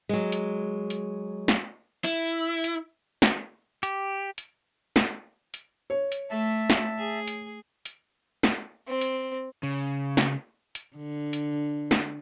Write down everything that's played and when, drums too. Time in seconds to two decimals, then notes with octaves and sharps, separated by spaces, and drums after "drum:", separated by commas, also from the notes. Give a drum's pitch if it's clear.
0.09 F#3 G#3
0.32 drum: hi-hat
0.90 drum: hi-hat
1.48 drum: snare
2.04 E4, drum: hi-hat
2.64 drum: hi-hat
3.22 drum: snare
3.83 G4, drum: hi-hat
4.38 drum: hi-hat
4.96 drum: snare
5.54 drum: hi-hat
5.90 C#5
6.12 drum: hi-hat
6.30 A3 E5 A5
6.70 drum: snare
6.99 G#4
7.28 drum: hi-hat
7.85 drum: hi-hat
8.43 drum: snare
8.87 C4
9.01 drum: hi-hat
9.63 C#3
10.17 drum: snare
10.75 drum: hi-hat
10.97 D3
11.33 drum: hi-hat
11.91 drum: snare